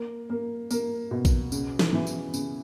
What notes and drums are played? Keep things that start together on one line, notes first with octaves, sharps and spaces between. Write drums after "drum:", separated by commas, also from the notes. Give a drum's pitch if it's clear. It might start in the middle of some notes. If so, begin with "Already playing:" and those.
Already playing: A#3
A#3
A#3, drum: tambourine
B2
drum: kick A#1, tambourine
C#3, drum: tambourine
drum: snare
E3
drum: tambourine
C#3, drum: tambourine